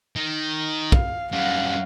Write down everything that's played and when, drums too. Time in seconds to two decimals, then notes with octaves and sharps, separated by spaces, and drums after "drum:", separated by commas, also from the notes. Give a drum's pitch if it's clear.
0.16 D#3
0.92 F5, drum: kick
1.32 F#2 G3 F5 F#5